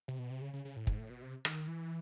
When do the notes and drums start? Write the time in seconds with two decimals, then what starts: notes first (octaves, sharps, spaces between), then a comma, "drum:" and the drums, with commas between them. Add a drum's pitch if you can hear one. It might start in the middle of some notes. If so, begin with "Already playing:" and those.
0.08 C3
0.19 B2
0.30 C3
0.42 C#3
0.53 C#3
0.65 C#3
0.76 A2
0.87 G#2, drum: kick
0.98 A2
1.10 B2
1.22 C3
1.45 D#3, drum: rim click
1.68 E3